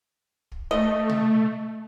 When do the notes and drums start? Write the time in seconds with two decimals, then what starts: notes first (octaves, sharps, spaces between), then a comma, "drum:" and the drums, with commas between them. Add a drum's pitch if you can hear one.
0.52 drum: kick
0.71 A3 D#5
1.09 drum: tom B2